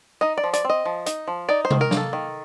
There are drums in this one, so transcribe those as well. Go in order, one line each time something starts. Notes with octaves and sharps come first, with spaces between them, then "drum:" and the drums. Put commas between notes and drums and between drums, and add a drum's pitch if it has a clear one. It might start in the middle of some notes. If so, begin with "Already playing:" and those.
D#4 D#5
D5
F3
D5, drum: hi-hat
C4
D#5
F3
D#4, drum: hi-hat
F3
D#4 D5
C5
D#3, drum: tom C3
A#4
A#3, drum: snare
A4
D#3